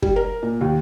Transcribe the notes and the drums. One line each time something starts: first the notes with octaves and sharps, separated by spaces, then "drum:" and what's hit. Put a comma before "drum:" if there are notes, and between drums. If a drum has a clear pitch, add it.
G3, drum: kick
A#4
A#2
D#2